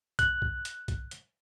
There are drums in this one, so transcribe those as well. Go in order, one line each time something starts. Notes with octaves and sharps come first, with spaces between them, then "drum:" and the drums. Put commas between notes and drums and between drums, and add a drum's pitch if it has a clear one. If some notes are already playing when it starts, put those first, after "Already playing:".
F#6, drum: kick B1, hi-hat
drum: kick B1
drum: hi-hat
drum: kick B1, hi-hat
drum: hi-hat